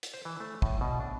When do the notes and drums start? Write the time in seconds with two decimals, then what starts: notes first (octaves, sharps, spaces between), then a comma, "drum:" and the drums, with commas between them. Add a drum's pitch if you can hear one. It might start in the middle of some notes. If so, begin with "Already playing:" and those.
0.03 drum: hi-hat
0.14 C5
0.25 E3
0.40 A3
0.62 A2, drum: kick
0.81 B2
1.00 D4